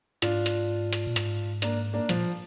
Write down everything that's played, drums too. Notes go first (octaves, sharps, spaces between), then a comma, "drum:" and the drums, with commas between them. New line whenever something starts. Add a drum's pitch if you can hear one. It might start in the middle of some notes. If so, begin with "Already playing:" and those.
G#2 D4 F4, drum: hi-hat
drum: hi-hat
drum: hi-hat
A#2
G#2, drum: hi-hat
A#3 D4, drum: hi-hat
A#3 D4
A#2 F3, drum: hi-hat